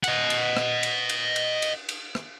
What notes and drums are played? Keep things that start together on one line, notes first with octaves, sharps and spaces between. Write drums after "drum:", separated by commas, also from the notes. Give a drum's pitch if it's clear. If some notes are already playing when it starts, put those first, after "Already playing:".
D#5 F#5, drum: cymbal
drum: cymbal
drum: rim click
drum: cymbal
drum: cymbal
drum: cymbal
drum: cymbal
drum: cymbal
drum: rim click